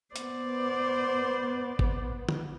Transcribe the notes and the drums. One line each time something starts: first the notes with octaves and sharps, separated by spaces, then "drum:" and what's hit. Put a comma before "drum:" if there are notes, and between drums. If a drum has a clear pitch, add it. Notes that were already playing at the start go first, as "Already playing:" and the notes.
B3 C5 D5, drum: hi-hat
drum: kick G1
drum: tom